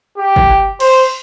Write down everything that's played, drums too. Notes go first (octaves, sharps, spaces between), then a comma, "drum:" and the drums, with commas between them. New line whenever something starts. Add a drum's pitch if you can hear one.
G4
drum: kick
C5, drum: cymbal